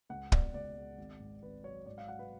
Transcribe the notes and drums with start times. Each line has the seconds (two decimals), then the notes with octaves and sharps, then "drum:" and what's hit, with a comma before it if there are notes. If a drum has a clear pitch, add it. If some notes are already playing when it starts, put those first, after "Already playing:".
0.09 C#2 F#5
0.32 B2 D5, drum: kick
0.54 C#2 D5
0.76 G#3
0.98 G#1
1.20 G#2
1.42 G#1 B4
1.64 F#3 C#5
1.86 G#2 D5
1.98 F5
2.08 F#3 F#5
2.19 B4